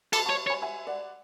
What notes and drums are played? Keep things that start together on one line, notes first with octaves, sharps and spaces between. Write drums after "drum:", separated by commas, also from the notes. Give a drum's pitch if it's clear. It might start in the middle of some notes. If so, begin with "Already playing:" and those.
A4 B5 D6, drum: cymbal
C#5 A5 C#6
C#5
G#5 B5
E5 G#5
D5 F#5